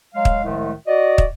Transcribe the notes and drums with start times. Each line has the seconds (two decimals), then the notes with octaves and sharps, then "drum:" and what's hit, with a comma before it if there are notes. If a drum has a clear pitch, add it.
0.14 F#3 G#3 F5
0.25 drum: kick
0.44 C2 A2 D#3 F3 G#3 A3
0.86 F#4 D5 D#5
1.18 drum: kick